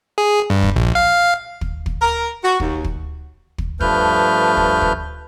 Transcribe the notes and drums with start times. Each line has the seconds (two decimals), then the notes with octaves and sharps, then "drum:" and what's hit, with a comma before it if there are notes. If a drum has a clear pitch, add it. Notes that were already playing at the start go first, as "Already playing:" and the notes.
0.18 G#4
0.50 G2
0.63 drum: kick
0.76 A#1
0.95 F5
1.61 drum: kick
1.86 drum: kick
2.02 A#4
2.43 F#4
2.60 D#2, drum: kick
2.84 drum: kick
3.58 drum: kick
3.80 G2 F3 A3 B4 F6 G6, drum: kick
4.57 drum: kick
4.82 drum: kick